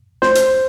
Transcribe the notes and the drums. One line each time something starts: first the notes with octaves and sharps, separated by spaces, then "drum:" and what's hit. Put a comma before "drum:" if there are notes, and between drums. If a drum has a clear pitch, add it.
C5, drum: snare
drum: hi-hat